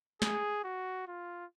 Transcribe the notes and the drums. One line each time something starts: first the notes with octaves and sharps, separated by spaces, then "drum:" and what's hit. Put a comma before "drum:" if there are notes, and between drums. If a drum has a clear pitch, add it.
G#4, drum: snare
F#4
F4